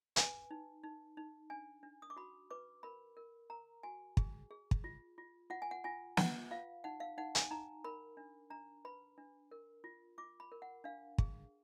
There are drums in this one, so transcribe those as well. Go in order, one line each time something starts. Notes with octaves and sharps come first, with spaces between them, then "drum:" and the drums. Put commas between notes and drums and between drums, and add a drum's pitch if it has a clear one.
B4 G#5, drum: hi-hat
D#4
D#4
D#4
D4 G#5
D4
D#6
D6
F#4 B5
B4 D6
A#4 B5
A#4
A#4 A#5
F#4 G#5
G#4, drum: kick
G#4
drum: kick
F4
F4
F4 F#5
G#5
F#5
F4 G#5
B4 F#5, drum: snare
F4 F5
D#4 F#5
F5
D#4 F#5
G#5, drum: hi-hat
D#4 A#5
A#4 B5
D4
D4 A#5
B4 B5
D4
A#4
F4
F4 D6
B5
A#4
F#5
D4 F5
G#4, drum: kick